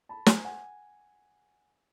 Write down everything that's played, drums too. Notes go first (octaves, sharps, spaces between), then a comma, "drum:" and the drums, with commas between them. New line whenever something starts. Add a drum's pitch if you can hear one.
A5 B5
G#5 A#5, drum: snare
F#5 G#5